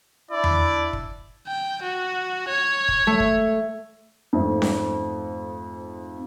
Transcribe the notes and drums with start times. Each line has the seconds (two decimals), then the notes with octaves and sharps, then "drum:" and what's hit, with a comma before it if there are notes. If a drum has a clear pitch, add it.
0.31 D4 E4 D5
0.44 drum: tom E2
0.93 drum: kick
1.48 G5
1.83 F#4
2.49 C#5
2.88 drum: kick
3.07 A3
3.20 drum: kick
4.33 F2 G#2 A3 C4
4.62 drum: snare C#4